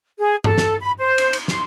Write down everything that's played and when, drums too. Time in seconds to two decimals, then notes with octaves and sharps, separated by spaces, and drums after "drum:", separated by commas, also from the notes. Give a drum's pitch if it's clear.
0.19 G#4
0.44 A4, drum: tom G2
0.58 drum: snare
0.81 B5
0.98 C5
1.18 drum: cymbal
1.33 drum: cymbal
1.48 C6, drum: snare